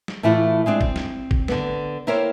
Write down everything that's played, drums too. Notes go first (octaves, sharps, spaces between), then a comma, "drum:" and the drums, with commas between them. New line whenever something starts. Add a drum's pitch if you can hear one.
drum: snare
A2 E3 A3 E4 F4 A4
G#3 C4 D4
C4, drum: kick G1
drum: snare
drum: kick G1
D3 B3, drum: snare
A#3 E4 A#4 C5 C#5 G5